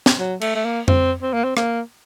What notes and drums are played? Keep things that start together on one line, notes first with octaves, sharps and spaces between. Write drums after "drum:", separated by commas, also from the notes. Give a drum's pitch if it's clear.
drum: snare
F#3
A3, drum: cymbal
A3
A#3
C4, drum: tom F2
C4
A#3
C4
A#3, drum: rim click